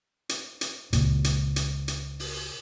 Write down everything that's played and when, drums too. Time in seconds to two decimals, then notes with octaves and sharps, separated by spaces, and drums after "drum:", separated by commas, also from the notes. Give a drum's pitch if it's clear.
0.29 drum: hi-hat
0.61 drum: hi-hat
0.93 C#2 A#2, drum: hi-hat
1.24 drum: hi-hat
1.56 drum: hi-hat
1.88 drum: hi-hat
2.20 drum: open hi-hat